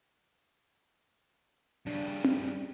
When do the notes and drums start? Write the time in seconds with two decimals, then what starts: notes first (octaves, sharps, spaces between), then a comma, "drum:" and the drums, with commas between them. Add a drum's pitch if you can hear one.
1.87 G2 C#3 D4
2.24 drum: tom C4